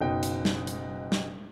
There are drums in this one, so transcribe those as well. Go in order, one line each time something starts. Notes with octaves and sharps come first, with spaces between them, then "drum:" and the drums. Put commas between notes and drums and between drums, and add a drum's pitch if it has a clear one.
F#1 B2 D#4 G5
drum: hi-hat
drum: snare
drum: hi-hat
drum: snare